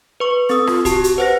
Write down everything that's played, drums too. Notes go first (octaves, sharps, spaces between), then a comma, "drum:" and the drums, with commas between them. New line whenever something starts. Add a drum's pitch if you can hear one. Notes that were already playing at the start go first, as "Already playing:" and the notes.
B4 C#6
C4 A4 D#6
F4, drum: rim click
F#4 G4 A5, drum: kick, hi-hat
drum: hi-hat
B4 C5 F#5 A#6